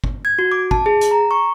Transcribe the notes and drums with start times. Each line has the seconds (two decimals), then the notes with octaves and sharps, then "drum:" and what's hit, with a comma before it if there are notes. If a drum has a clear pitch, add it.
0.04 drum: kick
0.25 G#6
0.39 F#4
0.52 D6
0.71 A5, drum: kick
0.86 G#4
1.01 drum: hi-hat
1.11 A#5
1.31 C#6